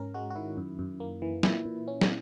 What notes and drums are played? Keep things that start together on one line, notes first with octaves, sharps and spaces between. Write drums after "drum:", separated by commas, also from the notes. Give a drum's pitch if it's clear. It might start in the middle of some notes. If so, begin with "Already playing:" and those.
Already playing: G#2 C#4 A#4
G#3 F#4
F#4
D#3 E4
F#2
F#2
A#3
E3
A#2 E4, drum: snare
A#2
C#4
drum: snare